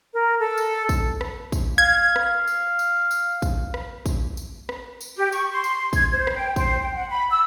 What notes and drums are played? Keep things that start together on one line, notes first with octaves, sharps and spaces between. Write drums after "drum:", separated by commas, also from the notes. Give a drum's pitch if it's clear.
A#4
A4
drum: tambourine
drum: kick, tambourine
drum: rim click
drum: kick, tambourine
F5 G#6
drum: rim click
drum: tambourine
drum: tambourine
drum: tambourine
drum: kick, tambourine
drum: rim click
drum: kick, tambourine
drum: tambourine
drum: rim click
drum: tambourine
G4
C#6, drum: tambourine
C6
drum: tambourine
G#6, drum: kick, tambourine
C5
drum: rim click
G5
C5, drum: kick, tambourine
G5
F#5
B5
E6